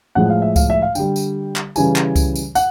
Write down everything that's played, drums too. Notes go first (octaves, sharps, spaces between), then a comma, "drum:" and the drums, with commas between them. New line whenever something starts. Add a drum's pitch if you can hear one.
A2 F3 G#3 F#5
F5
E5
F5, drum: kick C#2, tambourine
E5
F5
D3 G3 G5, drum: tambourine
drum: tambourine
drum: clap
C#3 E3 G3 G#5, drum: tambourine
drum: clap
drum: kick C#2, tambourine
drum: tambourine
F#5, drum: tambourine